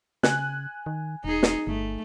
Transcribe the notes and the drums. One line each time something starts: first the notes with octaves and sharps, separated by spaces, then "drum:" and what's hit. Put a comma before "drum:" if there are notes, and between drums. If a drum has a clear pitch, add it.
C#3 G#5 F#6, drum: snare
D#3
E1 D#4 G#4
drum: snare
G1 A3